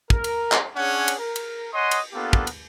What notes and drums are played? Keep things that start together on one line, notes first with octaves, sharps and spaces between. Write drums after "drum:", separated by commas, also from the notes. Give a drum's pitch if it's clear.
A#4, drum: kick
drum: cymbal
drum: clap
C#4 D4 G#4 C#5 F#5
drum: cymbal
A#4
drum: cymbal
C#5 D#5 F#5 G#5 C6 D#6
drum: cymbal
A#3 B3 D4 F4 G4 A4
drum: kick
drum: cymbal